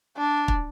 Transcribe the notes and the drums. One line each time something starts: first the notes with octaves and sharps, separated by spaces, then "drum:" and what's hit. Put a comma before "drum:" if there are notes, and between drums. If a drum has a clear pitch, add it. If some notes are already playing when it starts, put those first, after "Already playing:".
D4
drum: kick